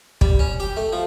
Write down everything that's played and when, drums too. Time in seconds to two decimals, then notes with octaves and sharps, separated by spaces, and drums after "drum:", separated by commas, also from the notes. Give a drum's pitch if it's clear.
0.21 G3, drum: kick
0.39 C#4
0.60 G4
0.77 A3
0.93 F3